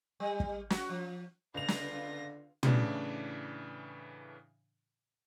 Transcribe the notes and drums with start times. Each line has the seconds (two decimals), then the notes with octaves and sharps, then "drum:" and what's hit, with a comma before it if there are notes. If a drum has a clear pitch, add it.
0.20 G3
0.40 drum: kick
0.70 F#4, drum: snare
0.89 F3
1.54 C#2 D3 B3 F4 A#6 F7
1.68 drum: snare
2.63 A2 C#3 E3 D4, drum: tom